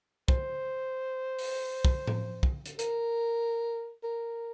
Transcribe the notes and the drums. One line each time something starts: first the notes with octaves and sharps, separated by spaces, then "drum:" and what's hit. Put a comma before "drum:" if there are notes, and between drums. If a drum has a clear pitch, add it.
C5, drum: kick
drum: open hi-hat
drum: kick
drum: tom A2
drum: kick
drum: hi-hat
A#4, drum: hi-hat
A#4